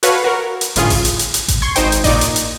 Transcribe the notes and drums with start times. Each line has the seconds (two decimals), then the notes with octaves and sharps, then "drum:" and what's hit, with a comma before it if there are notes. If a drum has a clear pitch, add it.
0.03 F#4 A4 B4 C#5 F5, drum: hi-hat
0.24 F#4 A#4
0.61 drum: hi-hat
0.76 G1 A2 C#4 F4 G#4, drum: hi-hat
0.90 drum: kick A1, open hi-hat
1.05 drum: hi-hat
1.19 drum: hi-hat
1.34 drum: hi-hat
1.48 drum: kick A1, hi-hat
1.62 C6 C#6 G#6
1.76 G#1 D#4 C5 G5, drum: hi-hat
1.92 drum: hi-hat
2.04 A#2 D#4 D5 D#5, drum: kick A1, open hi-hat
2.21 drum: hi-hat
2.36 drum: hi-hat